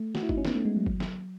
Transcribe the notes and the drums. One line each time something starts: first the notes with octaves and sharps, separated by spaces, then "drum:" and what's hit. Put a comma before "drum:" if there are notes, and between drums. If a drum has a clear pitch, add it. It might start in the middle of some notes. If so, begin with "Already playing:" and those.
Already playing: A3
F#4, drum: snare
E4
D#4, drum: kick G1
C#4
B3, drum: snare
A3
G#3
F#3
drum: kick G1
drum: snare